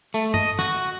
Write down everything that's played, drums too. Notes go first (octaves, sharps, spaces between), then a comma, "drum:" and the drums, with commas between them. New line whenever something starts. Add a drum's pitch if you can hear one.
A3
D#5, drum: tom
F#4, drum: snare